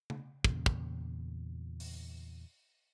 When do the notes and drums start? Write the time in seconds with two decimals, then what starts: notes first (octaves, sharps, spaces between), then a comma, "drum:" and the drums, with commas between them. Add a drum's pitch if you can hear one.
0.10 drum: tom C#3
0.44 E2 A#2 C#3, drum: kick
0.66 drum: kick
1.80 drum: open hi-hat